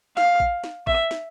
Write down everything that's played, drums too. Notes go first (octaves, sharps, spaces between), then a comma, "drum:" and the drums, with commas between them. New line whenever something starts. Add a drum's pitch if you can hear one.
F5, drum: snare
drum: kick A1
drum: snare
E5, drum: kick A1
drum: snare